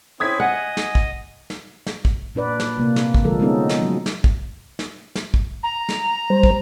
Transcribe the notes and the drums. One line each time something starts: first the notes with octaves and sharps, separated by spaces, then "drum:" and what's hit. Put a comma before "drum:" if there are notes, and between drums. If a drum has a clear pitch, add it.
C4 C#4 E4 D#6 G#6 B6
D#5 F#5 G#5
drum: snare
drum: kick
drum: snare
drum: snare
drum: kick
A#2 D4 B4 D5
drum: snare
C3 A#3
drum: snare
drum: kick
D3 F3 G#3 A4 A#4
G#3 A3 B3 C#4 D#4 A4
drum: snare
F#3
drum: snare
drum: kick
drum: snare
drum: snare
drum: kick
A#5
drum: snare
G3 C5
drum: kick